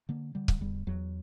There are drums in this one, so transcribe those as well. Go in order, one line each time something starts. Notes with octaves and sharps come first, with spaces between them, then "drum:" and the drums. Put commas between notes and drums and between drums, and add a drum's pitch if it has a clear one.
D3 A#3
D3 G3
drum: kick C#1
E2 G3
E2 F#3